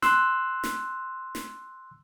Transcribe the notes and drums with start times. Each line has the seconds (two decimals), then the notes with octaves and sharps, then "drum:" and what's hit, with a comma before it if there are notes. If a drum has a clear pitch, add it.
0.02 C6 E6 F#6, drum: snare
0.64 drum: snare
1.35 drum: snare